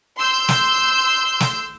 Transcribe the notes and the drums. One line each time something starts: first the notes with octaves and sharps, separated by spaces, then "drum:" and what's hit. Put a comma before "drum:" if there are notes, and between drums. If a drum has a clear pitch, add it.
C6 E6 G6
drum: snare
drum: snare